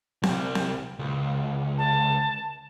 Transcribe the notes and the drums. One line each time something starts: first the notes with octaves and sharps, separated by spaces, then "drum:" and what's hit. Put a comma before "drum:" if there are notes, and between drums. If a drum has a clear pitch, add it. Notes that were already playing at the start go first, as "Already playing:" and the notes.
C2 G3, drum: snare C4
drum: snare C4
C#2
A5